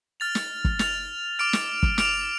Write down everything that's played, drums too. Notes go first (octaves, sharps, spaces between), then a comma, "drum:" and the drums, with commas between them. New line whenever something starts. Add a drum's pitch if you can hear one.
F6 A6 F7
drum: snare
drum: kick
F6 A6 F7, drum: snare
D6 F6 D7 F7
drum: snare
drum: kick
D6 F6 D7 F7, drum: snare